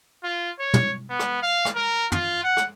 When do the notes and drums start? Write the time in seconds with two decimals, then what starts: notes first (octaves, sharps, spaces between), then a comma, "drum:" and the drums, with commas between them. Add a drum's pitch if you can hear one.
0.24 F4
0.59 C#5
0.74 drum: tom
1.10 B3
1.19 drum: rim click
1.42 F5
1.65 drum: rim click
1.75 A#4
2.12 F4, drum: tom
2.44 F#5
2.57 drum: rim click